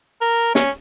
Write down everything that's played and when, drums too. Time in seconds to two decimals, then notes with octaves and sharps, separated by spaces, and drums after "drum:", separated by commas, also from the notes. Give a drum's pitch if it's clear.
0.21 A#4
0.55 C#4, drum: snare